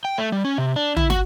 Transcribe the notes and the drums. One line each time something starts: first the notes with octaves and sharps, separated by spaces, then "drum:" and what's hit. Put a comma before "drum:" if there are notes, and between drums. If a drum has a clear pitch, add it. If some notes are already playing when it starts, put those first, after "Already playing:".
G5
A3
G3
C#4
C3
D4
E4, drum: tom
F#4, drum: snare